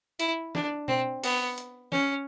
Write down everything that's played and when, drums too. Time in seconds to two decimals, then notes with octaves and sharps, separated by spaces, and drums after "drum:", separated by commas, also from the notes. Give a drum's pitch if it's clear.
0.19 E4, drum: hi-hat
0.55 D4, drum: snare
0.88 C4, drum: tom B2
1.24 B3, drum: open hi-hat
1.58 drum: hi-hat
1.92 C#4, drum: snare